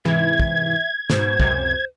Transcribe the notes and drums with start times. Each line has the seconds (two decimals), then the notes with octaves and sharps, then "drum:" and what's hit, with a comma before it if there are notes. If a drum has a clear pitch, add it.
0.05 G#2 C3 E3 E5 G#6
0.40 drum: kick
1.10 G#2 B2 C5, drum: snare
1.40 C#2 F#2 C3, drum: kick